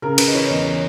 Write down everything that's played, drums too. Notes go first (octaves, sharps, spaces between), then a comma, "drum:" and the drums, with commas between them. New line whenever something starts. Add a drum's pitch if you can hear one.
C#3 A#4
C#3 B4, drum: cymbal
D#5
E3 C#5
E2 D#5
C#5